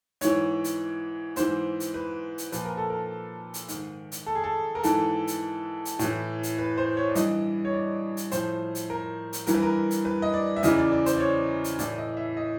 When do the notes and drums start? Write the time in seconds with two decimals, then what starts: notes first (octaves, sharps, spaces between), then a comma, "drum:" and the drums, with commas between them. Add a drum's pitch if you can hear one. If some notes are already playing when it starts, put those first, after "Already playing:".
0.21 G#2 E3 C#5, drum: hi-hat
0.64 drum: hi-hat
1.36 G#2 E3 C5, drum: hi-hat
1.80 drum: hi-hat
1.94 B4
2.38 drum: hi-hat
2.52 A#2 F3 B4, drum: hi-hat
2.65 A#4
2.77 A4
2.90 A#4
3.54 drum: hi-hat
3.68 G#2 D#3, drum: hi-hat
4.12 drum: hi-hat
4.26 A4
4.35 G#4
4.44 A4
4.75 A#4
4.83 G#2 E3 A4, drum: hi-hat
5.27 drum: hi-hat
5.85 drum: hi-hat
5.99 A2 E3, drum: hi-hat
6.43 drum: hi-hat
6.58 B4
6.78 C5
6.97 C#5
7.09 D5
7.15 G2 E3 D#5, drum: hi-hat
7.65 C#5
7.74 D5
8.17 drum: hi-hat
8.31 A2 F3 C5, drum: hi-hat
8.75 drum: hi-hat
8.90 A#4
9.33 drum: hi-hat
9.47 G2 E3 A#4, drum: hi-hat
9.54 B4
9.63 A#4
9.91 drum: hi-hat
10.05 B4
10.22 D#5
10.34 D5
10.56 E5
10.63 E2 C#3 E3 D#5, drum: hi-hat
10.78 D5
10.92 D5
11.06 C5, drum: hi-hat
11.17 D5
11.20 C#5
11.64 drum: hi-hat
11.79 A2 E3 D5, drum: hi-hat
11.98 D#5
12.17 E5
12.37 D#5